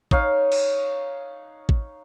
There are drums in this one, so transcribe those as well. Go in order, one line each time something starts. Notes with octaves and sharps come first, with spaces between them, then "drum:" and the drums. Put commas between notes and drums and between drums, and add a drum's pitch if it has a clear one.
D#4 C#5 F5, drum: kick A1
drum: cymbal
drum: kick A1